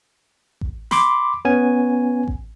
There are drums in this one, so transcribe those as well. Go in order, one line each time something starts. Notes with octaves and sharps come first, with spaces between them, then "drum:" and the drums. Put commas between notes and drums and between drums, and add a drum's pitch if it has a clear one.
drum: kick A1
B5 C6 D6, drum: snare
B3 C#4 G#5
drum: kick A1